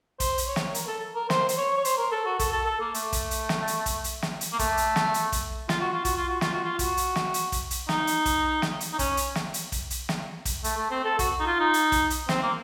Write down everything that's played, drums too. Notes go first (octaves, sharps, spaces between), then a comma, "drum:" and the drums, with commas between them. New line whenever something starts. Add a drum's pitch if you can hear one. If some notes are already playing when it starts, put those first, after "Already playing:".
C5, drum: kick, hi-hat
drum: hi-hat
C#5
drum: snare
A#4, drum: hi-hat
A4
A#4
C5, drum: snare
C5, drum: hi-hat
C#5
C#5
C5, drum: hi-hat
A#4
A4
F#4
A4, drum: kick, hi-hat
A4
A4
A#3
A3, drum: hi-hat
drum: kick, hi-hat
drum: hi-hat
drum: snare
drum: hi-hat
drum: kick, hi-hat
drum: hi-hat
drum: snare
drum: hi-hat
A#3
A3, drum: kick, hi-hat
drum: hi-hat
drum: snare
drum: hi-hat
drum: kick, hi-hat
F4, drum: snare
F#4
F4
F#4, drum: kick, hi-hat
F4
F#4
F4, drum: snare
F#4
F4
F#4, drum: kick, hi-hat
drum: hi-hat
drum: snare
drum: hi-hat
drum: kick, hi-hat
drum: hi-hat
D#4, drum: snare
drum: hi-hat
drum: kick, hi-hat
drum: snare
drum: hi-hat
D#4
C#4, drum: kick, hi-hat
drum: hi-hat
drum: snare
drum: hi-hat
drum: kick, hi-hat
drum: hi-hat
drum: snare
drum: kick, hi-hat
A3, drum: hi-hat
A3
C4
A4
F#4, drum: kick, hi-hat
D#4
F4
D#4
drum: hi-hat
drum: kick, hi-hat
drum: hi-hat
C4, drum: snare
A#3